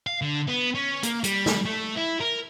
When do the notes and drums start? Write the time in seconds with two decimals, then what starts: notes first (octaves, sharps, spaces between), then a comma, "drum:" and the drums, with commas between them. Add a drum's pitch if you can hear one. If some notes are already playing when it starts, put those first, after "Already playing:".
0.07 F5
0.22 D3
0.48 B3
0.75 C#4
1.03 A#3, drum: hi-hat
1.24 G3, drum: hi-hat
1.46 drum: snare
1.65 A3
1.97 E4
2.20 A#4